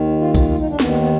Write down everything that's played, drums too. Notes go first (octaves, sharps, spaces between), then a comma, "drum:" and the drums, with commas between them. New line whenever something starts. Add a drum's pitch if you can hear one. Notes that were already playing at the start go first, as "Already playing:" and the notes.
Already playing: D#2 D#3
F4
F4, drum: kick, tambourine
F4
D#4
D4
D#2 D#3 B3, drum: snare
B3